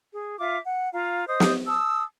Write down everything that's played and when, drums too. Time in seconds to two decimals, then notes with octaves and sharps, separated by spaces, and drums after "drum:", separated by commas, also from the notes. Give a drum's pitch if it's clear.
0.13 G#4
0.39 F4 E5 F5 D6
0.66 F#5
0.94 F4 F5 A#5
1.28 C5 D#5 D#6
1.40 drum: snare
1.67 A5 D#6 E6